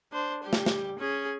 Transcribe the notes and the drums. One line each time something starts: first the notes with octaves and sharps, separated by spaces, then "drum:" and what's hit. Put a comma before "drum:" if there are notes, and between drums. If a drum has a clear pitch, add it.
D4 C5
G3 G4
drum: snare
drum: snare
C#4 G#4